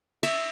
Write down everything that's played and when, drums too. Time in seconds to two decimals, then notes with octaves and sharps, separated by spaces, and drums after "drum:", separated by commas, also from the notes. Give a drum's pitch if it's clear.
0.23 E5, drum: cymbal